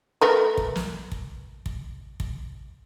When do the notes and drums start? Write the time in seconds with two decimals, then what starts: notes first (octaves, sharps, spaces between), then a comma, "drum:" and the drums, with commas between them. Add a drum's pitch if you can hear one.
0.21 A3 A#4 B4
0.57 drum: kick
0.76 drum: snare
1.12 drum: kick
1.66 drum: kick
2.20 drum: kick